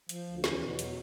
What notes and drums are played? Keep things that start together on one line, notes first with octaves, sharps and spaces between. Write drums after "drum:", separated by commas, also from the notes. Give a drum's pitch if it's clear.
F3, drum: hi-hat
D2
E2 C#4, drum: snare
B2
F#3, drum: hi-hat